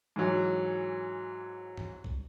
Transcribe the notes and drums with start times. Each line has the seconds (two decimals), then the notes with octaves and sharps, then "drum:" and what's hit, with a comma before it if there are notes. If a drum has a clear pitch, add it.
0.16 G#2 E3 F#3
1.77 drum: tom G2
2.04 drum: kick C2